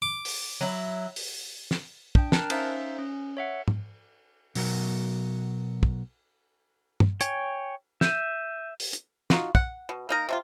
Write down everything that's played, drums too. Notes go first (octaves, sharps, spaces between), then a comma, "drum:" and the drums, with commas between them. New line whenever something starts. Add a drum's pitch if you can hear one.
D6
drum: open hi-hat
F#3 E4
drum: open hi-hat
drum: snare
D4 G5, drum: kick
A#4 A5 A#5 F6 F#6, drum: snare
C#4 D#4 C5 E5 F5, drum: cymbal
C#4
C#5 E5 F#5
drum: tom G#2
B2 F#3 F#4 A#4, drum: open hi-hat
drum: kick
drum: tom
C#5 G5 G#5, drum: hi-hat
E5 G6 D#7, drum: snare
drum: open hi-hat
drum: hi-hat
D#4 F4 F#4, drum: snare
F#5, drum: kick
B2
A#3 D#4 A#4
C3 A3 F4